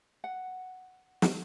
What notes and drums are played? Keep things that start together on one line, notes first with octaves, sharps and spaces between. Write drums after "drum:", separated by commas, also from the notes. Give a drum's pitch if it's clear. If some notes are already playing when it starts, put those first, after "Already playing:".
F#5
drum: snare